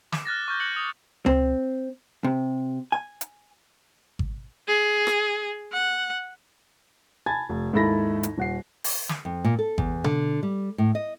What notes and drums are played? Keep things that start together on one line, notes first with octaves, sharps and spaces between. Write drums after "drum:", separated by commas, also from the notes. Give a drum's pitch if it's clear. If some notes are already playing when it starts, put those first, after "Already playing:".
D6, drum: snare
F6 F#6 A6 A#6
C#6 F6 G6
F#6 C#7 F#7
D#6
C4, drum: tom C#2
C3
G#5
drum: hi-hat
drum: kick G#1
G#4
drum: rim click
F#5
G#5 A5 B5 G#6 A6
F1
D#2 G#2 E4 A4 B5 A#6
drum: hi-hat
D#1 F#5 C7
drum: open hi-hat
drum: snare
F2
A#2
A4
E2, drum: kick G#1
D3, drum: tom B2
G3
A2
D#5